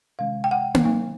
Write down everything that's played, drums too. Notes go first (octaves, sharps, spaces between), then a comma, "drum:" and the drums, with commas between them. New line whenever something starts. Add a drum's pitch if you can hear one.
C3 D#3 G#3 C#4 F5
G5
F#5
drum: tom A#3
D#3 F#3 A#3 D#4